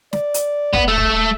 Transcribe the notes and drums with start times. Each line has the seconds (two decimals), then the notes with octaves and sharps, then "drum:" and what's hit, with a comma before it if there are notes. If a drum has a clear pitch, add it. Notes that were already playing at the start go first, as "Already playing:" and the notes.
0.13 D5, drum: snare
0.34 drum: hi-hat
0.73 B3, drum: kick
0.88 A3 E6
0.98 drum: kick